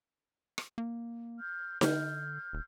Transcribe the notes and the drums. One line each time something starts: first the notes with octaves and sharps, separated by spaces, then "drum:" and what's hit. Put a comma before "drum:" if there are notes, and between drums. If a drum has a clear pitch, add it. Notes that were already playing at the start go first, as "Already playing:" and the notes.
drum: rim click
A#3
F6 G6
D3 F6 G6, drum: snare D#4
D#1